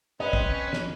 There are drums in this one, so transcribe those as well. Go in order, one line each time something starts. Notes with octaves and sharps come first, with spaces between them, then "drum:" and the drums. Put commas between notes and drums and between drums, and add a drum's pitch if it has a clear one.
C4 C#4 B4 D#5
drum: kick
drum: snare